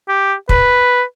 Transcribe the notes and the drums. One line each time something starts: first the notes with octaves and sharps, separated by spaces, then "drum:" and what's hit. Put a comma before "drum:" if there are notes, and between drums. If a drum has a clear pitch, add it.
G4
B4, drum: kick